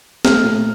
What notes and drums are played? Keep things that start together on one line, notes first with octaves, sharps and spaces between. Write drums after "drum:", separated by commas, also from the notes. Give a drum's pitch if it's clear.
A3 F6, drum: snare
A#2